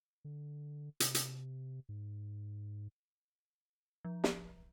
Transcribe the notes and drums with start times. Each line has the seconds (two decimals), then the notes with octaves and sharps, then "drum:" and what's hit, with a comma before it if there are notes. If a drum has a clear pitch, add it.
0.25 D3
1.00 C3, drum: hi-hat
1.15 drum: hi-hat
1.89 G#2
4.05 F3
4.24 drum: snare